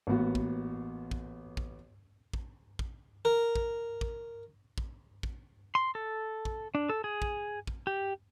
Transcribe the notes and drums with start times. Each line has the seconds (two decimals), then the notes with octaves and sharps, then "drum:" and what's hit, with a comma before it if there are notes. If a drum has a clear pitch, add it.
0.07 A1 A#3 B3 F#4
0.35 drum: kick
1.11 drum: kick
1.57 drum: kick
2.33 drum: kick
2.79 drum: kick
3.25 A#4
3.56 drum: kick
4.01 drum: kick
4.78 drum: kick
5.23 drum: kick
5.75 C6
5.95 A4
6.45 drum: kick
6.75 D4
6.89 A4
7.04 G#4
7.22 drum: kick
7.67 drum: kick
7.87 G4